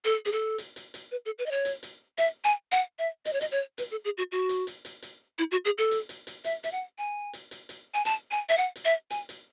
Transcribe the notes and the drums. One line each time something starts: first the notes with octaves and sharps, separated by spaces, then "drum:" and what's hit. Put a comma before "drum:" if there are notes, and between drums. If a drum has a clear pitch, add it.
A4
G#4, drum: hi-hat
A4
drum: hi-hat
drum: hi-hat
drum: hi-hat
B4
A4
B4
D#5
C#5
drum: hi-hat
drum: hi-hat
E5, drum: hi-hat
G#5
F#5
E5
D#5, drum: hi-hat
C#5
D#5, drum: hi-hat
C#5
B4, drum: hi-hat
A4
G#4
F#4
F#4
drum: hi-hat
drum: hi-hat
drum: hi-hat
drum: hi-hat
E4
F#4
G#4
A4
drum: hi-hat
drum: hi-hat
drum: hi-hat
E5, drum: hi-hat
E5, drum: hi-hat
F#5
G#5
drum: hi-hat
drum: hi-hat
drum: hi-hat
G#5
A5, drum: hi-hat
G#5
E5
F#5
drum: hi-hat
E5
G#5, drum: hi-hat
drum: hi-hat